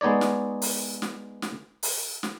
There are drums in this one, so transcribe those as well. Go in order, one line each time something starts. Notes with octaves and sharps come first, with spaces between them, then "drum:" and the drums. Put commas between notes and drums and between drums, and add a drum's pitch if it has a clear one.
G#3 B3 D#4 C#5 D5
drum: snare
drum: open hi-hat
drum: snare
drum: snare
drum: open hi-hat
drum: snare